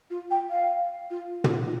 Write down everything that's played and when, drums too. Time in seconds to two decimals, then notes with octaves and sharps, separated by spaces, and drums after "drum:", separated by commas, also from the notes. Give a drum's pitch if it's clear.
0.10 F4
0.30 G5
0.50 F5
1.10 F4
1.44 D#4, drum: tom
1.49 F4
1.64 D#4